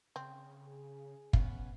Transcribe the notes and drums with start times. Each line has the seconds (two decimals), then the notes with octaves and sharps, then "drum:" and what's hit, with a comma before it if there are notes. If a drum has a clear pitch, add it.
0.16 C#3 C4
0.65 G#4
1.33 B3 C#4 F5, drum: kick